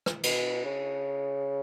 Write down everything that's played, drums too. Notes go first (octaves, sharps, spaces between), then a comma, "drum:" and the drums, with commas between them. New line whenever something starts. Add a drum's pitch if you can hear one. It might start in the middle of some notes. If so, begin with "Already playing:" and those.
drum: rim click
B2, drum: cymbal
C#3